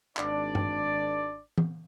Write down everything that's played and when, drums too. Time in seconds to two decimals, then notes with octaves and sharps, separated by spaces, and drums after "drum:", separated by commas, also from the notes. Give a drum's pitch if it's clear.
0.17 G#1 D4 D5, drum: clap
0.55 drum: tom G2
1.58 drum: tom E3